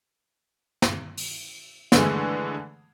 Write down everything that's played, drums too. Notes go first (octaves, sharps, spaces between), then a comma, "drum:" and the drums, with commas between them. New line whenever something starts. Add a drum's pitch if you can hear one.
drum: snare
drum: open hi-hat
D3 E3 G#3 A3 G#4, drum: snare